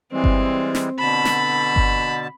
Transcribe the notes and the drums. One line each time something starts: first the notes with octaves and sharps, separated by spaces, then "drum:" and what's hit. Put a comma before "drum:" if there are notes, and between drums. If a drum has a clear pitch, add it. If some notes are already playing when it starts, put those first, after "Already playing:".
E3 G3 G#3 C4
drum: kick G1
drum: snare
B2 D3 A5 B5
drum: snare
drum: kick G1